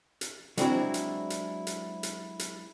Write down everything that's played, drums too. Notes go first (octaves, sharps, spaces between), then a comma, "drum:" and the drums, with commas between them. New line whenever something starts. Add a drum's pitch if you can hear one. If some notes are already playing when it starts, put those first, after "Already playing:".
drum: hi-hat
F#3 G#3 C4 D4 E4 F#4, drum: hi-hat
drum: hi-hat
drum: hi-hat
drum: hi-hat
drum: hi-hat
drum: hi-hat